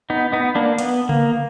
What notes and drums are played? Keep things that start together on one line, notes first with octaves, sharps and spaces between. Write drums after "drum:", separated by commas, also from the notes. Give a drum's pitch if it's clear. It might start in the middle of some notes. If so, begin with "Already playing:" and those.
B3 D#4
B3 D#4
A#3 D4
B3, drum: hi-hat
A#3, drum: tom C#3